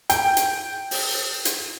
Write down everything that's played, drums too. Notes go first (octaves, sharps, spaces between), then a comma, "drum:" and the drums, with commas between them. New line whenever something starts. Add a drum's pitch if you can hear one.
G5, drum: hi-hat
drum: hi-hat
drum: open hi-hat
drum: hi-hat